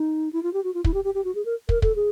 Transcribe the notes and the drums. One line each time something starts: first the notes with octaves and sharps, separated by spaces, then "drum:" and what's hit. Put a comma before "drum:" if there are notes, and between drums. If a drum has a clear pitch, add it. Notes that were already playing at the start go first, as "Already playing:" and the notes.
Already playing: D#4
E4
F4
G4
F#4
F4
E4, drum: kick
G4
G4
G4
F#4
G#4
A#4
A#4, drum: kick
A4, drum: kick
G#4